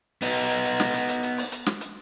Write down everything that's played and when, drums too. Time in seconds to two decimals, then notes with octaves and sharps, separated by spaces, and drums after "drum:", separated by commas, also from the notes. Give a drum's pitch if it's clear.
0.22 B3 D#4, drum: hi-hat
0.36 drum: hi-hat
0.51 drum: hi-hat
0.65 drum: hi-hat
0.80 drum: snare
0.94 drum: hi-hat
1.09 drum: hi-hat
1.23 drum: hi-hat
1.38 drum: open hi-hat
1.52 drum: hi-hat
1.66 drum: snare
1.81 drum: hi-hat